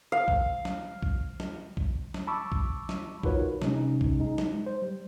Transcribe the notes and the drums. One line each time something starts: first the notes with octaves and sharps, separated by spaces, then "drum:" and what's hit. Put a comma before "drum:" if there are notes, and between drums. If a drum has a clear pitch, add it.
F5
drum: kick B1
drum: snare
drum: kick B1
drum: snare
drum: kick B1
drum: snare
A5 B5 C#6 D6 E6
drum: kick B1
drum: snare
D#4 F4 F#4 A#4 B4 C#5, drum: kick B1
C3 G#3 C#4 D#4, drum: snare
drum: kick B1
G#3 D#4
drum: snare
C5
G3